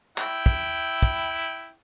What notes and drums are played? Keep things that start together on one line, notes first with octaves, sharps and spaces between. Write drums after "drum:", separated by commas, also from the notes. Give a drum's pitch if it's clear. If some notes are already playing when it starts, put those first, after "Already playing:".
E4 G5, drum: clap
drum: kick
drum: kick